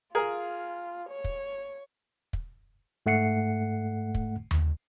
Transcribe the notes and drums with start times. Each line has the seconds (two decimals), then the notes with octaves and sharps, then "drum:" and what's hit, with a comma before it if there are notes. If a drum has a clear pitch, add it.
0.15 F4 G#4 A#4
1.09 C#5
1.24 drum: kick
2.33 drum: kick
3.06 G#2 A3 F#5 C7 C#7
4.15 drum: kick
4.51 drum: tom D#2